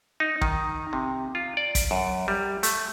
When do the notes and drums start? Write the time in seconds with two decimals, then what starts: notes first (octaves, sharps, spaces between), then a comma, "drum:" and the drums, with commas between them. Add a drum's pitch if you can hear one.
0.20 D#4
0.41 D#3, drum: kick
0.93 C3
1.35 F4
1.57 D5
1.75 drum: kick, hi-hat
1.91 F#2
2.28 G3
2.63 A3, drum: hi-hat